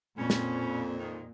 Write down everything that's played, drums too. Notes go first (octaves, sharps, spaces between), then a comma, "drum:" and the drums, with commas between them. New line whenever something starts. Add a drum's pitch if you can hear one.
F2 A#2 C4 C#4 B5
drum: snare
D#3 G#3